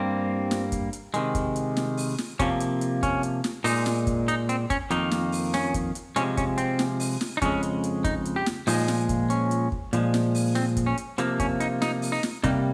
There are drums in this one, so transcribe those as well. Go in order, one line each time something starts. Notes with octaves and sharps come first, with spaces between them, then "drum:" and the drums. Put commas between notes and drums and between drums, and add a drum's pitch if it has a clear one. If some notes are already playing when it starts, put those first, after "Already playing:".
Already playing: G2 G3 A#3 C4
drum: snare
drum: kick, hi-hat
drum: hi-hat
C3 D#3 G#3, drum: hi-hat
drum: kick, hi-hat
drum: hi-hat
drum: snare
drum: open hi-hat
drum: snare
C3 F3 A#3 C#4, drum: kick, hi-hat
drum: hi-hat
drum: hi-hat
C#4, drum: kick, hi-hat
drum: hi-hat
drum: snare
A#2 G#3 D#4, drum: open hi-hat
drum: snare
drum: kick, hi-hat
D#4, drum: hi-hat
C4, drum: hi-hat
C#4, drum: kick, hi-hat
F2 D#3 A#3 D#4, drum: hi-hat
drum: snare
drum: open hi-hat
C#4, drum: snare
drum: kick, hi-hat
drum: hi-hat
C3 F3 G#3 C#4, drum: hi-hat
C#4, drum: kick, hi-hat
C4, drum: hi-hat
drum: snare
drum: open hi-hat
drum: snare
D#4
F2 C#3 G#3 C#4, drum: kick, hi-hat
drum: hi-hat
drum: hi-hat
D#4, drum: kick, hi-hat
drum: hi-hat
G4
drum: snare
A#2 F3 G#3 D#4, drum: open hi-hat
drum: snare
drum: kick, hi-hat
C#4, drum: hi-hat
drum: hi-hat
drum: kick
A#2 F3 G#3, drum: hi-hat
drum: snare
drum: open hi-hat
C4, drum: snare
drum: kick, hi-hat
C#4
drum: hi-hat
C3 F3 A#3, drum: hi-hat
C#4, drum: kick, hi-hat
D#4, drum: hi-hat
D#4, drum: snare
drum: open hi-hat
D#4
drum: snare
C3 G3 A#3 D#4, drum: kick, hi-hat